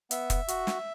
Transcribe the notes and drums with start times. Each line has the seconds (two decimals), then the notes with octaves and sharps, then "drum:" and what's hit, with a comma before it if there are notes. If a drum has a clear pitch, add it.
0.11 B3 E5, drum: hi-hat
0.30 drum: kick, hi-hat
0.48 F#4, drum: hi-hat
0.67 drum: snare